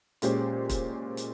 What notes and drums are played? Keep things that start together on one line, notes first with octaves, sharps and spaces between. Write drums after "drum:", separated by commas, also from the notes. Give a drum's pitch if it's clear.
A#2 G#3 C#4 G4 C5, drum: hi-hat
drum: kick, hi-hat
drum: hi-hat